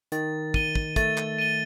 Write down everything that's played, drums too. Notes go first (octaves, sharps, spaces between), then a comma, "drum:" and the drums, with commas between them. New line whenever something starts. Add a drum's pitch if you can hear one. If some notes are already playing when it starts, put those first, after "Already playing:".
D#3 A6, drum: hi-hat
D#7 G7, drum: kick
drum: kick
A3 A6, drum: kick, hi-hat
drum: clap
D#7 G7